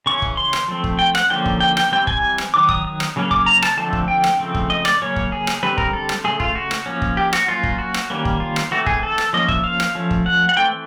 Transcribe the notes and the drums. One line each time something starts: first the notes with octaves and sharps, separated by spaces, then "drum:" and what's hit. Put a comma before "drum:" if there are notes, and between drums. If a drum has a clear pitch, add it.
C#3 E3 C#4 C#6
drum: kick
C6
drum: rim click
F3 A3 C4
drum: kick
G5
F#5, drum: rim click
D3 F3 A#3 C#4 G5
drum: kick
G5
G5, drum: rim click
E3 G3 C4 G5
G#5, drum: kick
drum: rim click
D#3 F#3 D6
D#6, drum: kick
D#6
drum: rim click
C#3 F#3 A#3 C#4
D6, drum: kick
A#5
A5, drum: rim click
D3 F3 A3 C4 A5
drum: kick
G5
drum: rim click
C#3 F3 A3 C4
drum: kick
D#5
D5, drum: rim click
C#3 F#3 A#3 C#4 C#5
drum: kick
G#4
drum: rim click
D3 G3 C4 B4
A#4, drum: kick
A4
drum: rim click
C#3 E3 A3 G#4
F4, drum: kick
F#4
drum: rim click
F3 A#3 C#4
drum: kick
G4
F#4, drum: rim click
F#3 A#3 C#4 F4
drum: kick
F#4
drum: rim click
D#3 G3 A#3 C#4
drum: kick
F4
drum: rim click
E3 A3 C4 F#4
G#4, drum: kick
A4
drum: rim click
F3 A#3 C#4 D#5
E5, drum: kick
F5
drum: rim click
F3 A3 C#4
drum: kick
F#5
F#5
E3 A3 C4 G5